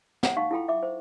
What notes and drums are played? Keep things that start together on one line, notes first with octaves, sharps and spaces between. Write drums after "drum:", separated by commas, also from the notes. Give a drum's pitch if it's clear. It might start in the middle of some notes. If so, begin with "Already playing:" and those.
F#5, drum: snare
D#4 F5 C#6
E4 F4 A4 G5 B5
E5 D6
C5